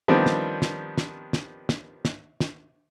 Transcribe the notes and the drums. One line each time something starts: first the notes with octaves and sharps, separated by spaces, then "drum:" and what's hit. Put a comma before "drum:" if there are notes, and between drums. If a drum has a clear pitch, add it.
D#3 F3 G3 B3 C4 D4
drum: snare
drum: snare
drum: snare
drum: snare
drum: snare
drum: snare
drum: snare